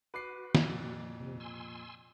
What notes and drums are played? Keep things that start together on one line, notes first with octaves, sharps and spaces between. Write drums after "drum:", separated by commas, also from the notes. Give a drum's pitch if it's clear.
F#4 B4 D6 C7
F2 A#2, drum: snare
C3
G#5 C6 E6